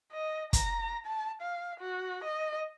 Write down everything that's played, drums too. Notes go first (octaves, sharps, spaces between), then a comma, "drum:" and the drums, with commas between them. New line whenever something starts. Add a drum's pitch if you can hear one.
D#5
A#5, drum: kick, hi-hat
A5
F5
F#4
D#5